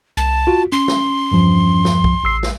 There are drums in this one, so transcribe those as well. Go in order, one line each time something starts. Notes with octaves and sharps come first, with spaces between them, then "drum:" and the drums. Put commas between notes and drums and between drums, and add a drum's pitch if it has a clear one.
C2 A5
F4 F#4
C#4 C6
drum: snare
E2 G2 F3
drum: snare
drum: kick C2
A1 E6 C7
drum: snare